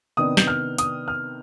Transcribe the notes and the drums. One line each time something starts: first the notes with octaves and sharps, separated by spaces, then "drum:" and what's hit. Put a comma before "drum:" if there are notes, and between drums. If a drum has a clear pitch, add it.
C3 D#3 B3 D4 D#6
G6, drum: snare
F6
D#6, drum: hi-hat
F6